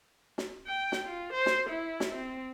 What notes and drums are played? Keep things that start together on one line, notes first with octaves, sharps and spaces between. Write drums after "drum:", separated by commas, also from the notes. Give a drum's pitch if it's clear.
drum: snare
G5
drum: snare
F4
C5
drum: snare
E4
drum: snare
C4